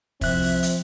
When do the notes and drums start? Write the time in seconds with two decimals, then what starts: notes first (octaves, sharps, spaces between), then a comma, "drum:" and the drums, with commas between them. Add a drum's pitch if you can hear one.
0.21 C2 F3 C4 E5 F#6, drum: kick, open hi-hat
0.42 drum: open hi-hat
0.63 drum: hi-hat